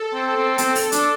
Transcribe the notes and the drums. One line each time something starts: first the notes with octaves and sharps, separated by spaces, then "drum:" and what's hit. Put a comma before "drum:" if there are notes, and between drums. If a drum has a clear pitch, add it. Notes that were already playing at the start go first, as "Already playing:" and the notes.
Already playing: A4
C4
C4
C4, drum: hi-hat
drum: open hi-hat
D4, drum: hi-hat